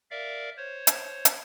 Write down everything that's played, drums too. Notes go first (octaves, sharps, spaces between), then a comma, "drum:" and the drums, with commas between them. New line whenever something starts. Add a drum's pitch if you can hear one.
A#4 D5 E5 F5
C5 C#5
drum: hi-hat
drum: hi-hat